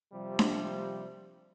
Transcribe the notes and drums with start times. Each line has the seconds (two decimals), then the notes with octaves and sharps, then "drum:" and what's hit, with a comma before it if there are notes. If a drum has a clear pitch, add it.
0.13 C3 F3 G3
0.39 drum: snare D4